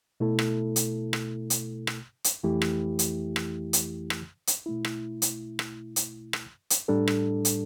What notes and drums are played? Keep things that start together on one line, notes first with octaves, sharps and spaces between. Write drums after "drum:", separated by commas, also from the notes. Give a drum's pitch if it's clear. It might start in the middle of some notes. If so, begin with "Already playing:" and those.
B2 A3 E4 A4
drum: rim click
drum: hi-hat
drum: rim click
drum: hi-hat
drum: rim click
drum: hi-hat
F2 E3 A3 E4 G4
drum: rim click
drum: hi-hat
drum: rim click
drum: hi-hat
drum: rim click
drum: hi-hat
B2 A3 E4
drum: rim click
drum: hi-hat
drum: rim click
drum: hi-hat
drum: rim click
drum: hi-hat
A2 G3 D4 A4
drum: rim click
drum: hi-hat